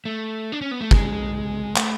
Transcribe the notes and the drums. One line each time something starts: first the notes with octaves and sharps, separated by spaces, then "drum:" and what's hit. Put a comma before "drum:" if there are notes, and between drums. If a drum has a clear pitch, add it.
A3
D4
C#4
B3
A3
G#3, drum: kick
A3, drum: clap